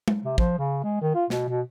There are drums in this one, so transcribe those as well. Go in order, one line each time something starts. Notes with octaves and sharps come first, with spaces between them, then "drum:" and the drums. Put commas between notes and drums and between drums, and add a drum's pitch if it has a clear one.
drum: tom G#3
C3
F3, drum: kick
C#3
G#3
D#3
F4
B2, drum: snare
B2